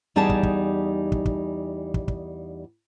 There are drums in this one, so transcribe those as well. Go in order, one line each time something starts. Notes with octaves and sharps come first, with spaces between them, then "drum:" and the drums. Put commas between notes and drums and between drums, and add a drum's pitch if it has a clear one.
E2 G3 D#4 G4 G#4 A5
drum: kick
drum: kick
drum: kick
drum: kick
drum: kick
drum: kick